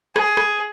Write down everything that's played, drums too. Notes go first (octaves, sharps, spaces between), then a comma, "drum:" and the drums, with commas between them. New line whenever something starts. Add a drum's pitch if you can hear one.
G#4, drum: rim click
drum: rim click